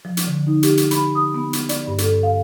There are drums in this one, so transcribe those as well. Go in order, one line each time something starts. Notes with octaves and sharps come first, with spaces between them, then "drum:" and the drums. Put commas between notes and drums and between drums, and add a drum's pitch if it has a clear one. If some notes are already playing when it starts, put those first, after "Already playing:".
F3
drum: hi-hat
D3
D#4
G4, drum: hi-hat
drum: hi-hat
B5, drum: hi-hat
D#6
B3
drum: hi-hat
D5, drum: hi-hat
G2
A4, drum: hi-hat
F5